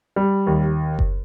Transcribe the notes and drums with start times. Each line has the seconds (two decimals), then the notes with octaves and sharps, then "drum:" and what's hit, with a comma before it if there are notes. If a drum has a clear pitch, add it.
0.16 G3
0.47 D#2
0.99 drum: kick F#1